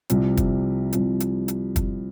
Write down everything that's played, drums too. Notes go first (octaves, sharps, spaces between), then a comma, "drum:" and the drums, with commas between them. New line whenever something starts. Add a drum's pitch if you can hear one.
C2 C3 F3, drum: hi-hat
drum: kick, hi-hat
C2 C3 F3, drum: hi-hat
drum: hi-hat
drum: hi-hat
drum: kick, hi-hat